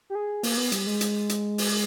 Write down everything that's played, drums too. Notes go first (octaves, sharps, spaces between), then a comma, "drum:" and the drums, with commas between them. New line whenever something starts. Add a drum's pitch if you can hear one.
G4
G#4
A#3, drum: open hi-hat
B3
G3, drum: hi-hat
G#3
drum: hi-hat
drum: hi-hat
drum: open hi-hat